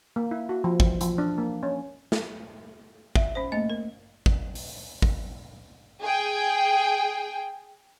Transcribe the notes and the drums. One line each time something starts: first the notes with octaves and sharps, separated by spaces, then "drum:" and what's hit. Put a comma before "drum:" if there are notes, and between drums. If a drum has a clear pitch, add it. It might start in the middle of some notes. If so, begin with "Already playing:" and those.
A#3
E4
F#4
F3
E3, drum: kick
F3, drum: hi-hat
D4
A#3
C#4
drum: snare
E5, drum: kick
C#4 C5
A3 A#3 D#5
A#4
drum: kick
drum: open hi-hat
drum: kick
G#4 G5